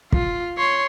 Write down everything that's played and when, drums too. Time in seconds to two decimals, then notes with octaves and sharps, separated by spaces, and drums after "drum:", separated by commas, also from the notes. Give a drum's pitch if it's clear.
0.12 F4, drum: kick
0.57 C#5 C6